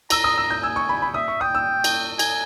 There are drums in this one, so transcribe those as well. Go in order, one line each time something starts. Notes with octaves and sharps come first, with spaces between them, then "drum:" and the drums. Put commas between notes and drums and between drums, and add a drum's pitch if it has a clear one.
A#5 E6, drum: cymbal
D#6
E6
G6
G#5 E6
C#6
B5
B5
E5 D#6
C#6
G5 D#6
E6
drum: cymbal
G#5, drum: cymbal